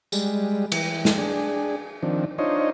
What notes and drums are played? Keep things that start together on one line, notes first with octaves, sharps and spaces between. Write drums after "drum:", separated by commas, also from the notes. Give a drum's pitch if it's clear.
G3 G#3, drum: tambourine
E3, drum: cymbal
drum: snare
D4 G#4
D#3 F3 C4 D4
D4 D#4 F4 C5 C#5 D#5